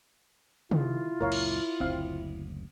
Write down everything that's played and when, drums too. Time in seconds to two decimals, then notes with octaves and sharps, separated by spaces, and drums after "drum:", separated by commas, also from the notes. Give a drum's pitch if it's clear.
0.71 D#3 E4 F4, drum: tom
1.21 C#2 F#2 A#2 A#4 C#5 F5
1.32 drum: cymbal
1.80 F#1 D2 C4 F5